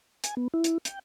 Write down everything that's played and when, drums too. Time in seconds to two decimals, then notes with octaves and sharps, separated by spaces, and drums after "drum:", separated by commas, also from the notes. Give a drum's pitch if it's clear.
0.24 G#5, drum: hi-hat
0.37 B3
0.54 E4
0.64 drum: hi-hat
0.85 G5, drum: hi-hat